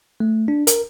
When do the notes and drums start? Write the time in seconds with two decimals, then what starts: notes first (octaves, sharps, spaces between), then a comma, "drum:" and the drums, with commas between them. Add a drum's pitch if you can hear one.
0.20 A3
0.48 D4
0.67 A#4, drum: hi-hat